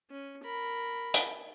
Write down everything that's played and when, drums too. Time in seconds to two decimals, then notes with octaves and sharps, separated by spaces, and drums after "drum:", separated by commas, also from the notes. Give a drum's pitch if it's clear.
0.10 C#4
0.43 A#4 B5
1.14 drum: hi-hat